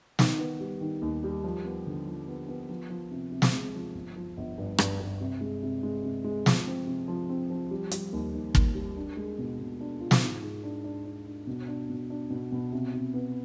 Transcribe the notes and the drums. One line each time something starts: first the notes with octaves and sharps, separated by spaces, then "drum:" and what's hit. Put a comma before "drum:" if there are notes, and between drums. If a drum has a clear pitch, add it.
D#3, drum: snare
B3
G3
D#3
D#2
G3
F3
B3
D3
F3
B3
B3
F3
F3
C3
C3
drum: snare
G#3
F3
G1
F3
G1
G2
G2, drum: rim click
G2
C3
G#3
C3
G#3
C3
G#3
F3, drum: snare
C4
C3
F3
C4
F3
G3
G3, drum: hi-hat
D#2
D#2
D#2, drum: kick
G3
D4
G#3
B2
B2
D4
F4
drum: snare
G#2
G#2
D4
D4
D4
D4
B2
D4
B2
D4
B2
B2
C3
C3
B3